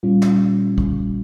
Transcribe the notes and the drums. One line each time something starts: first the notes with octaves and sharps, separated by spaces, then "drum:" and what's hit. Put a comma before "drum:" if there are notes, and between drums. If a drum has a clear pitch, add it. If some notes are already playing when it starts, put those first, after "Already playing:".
A#2 G3 C#4 F4
drum: snare
drum: kick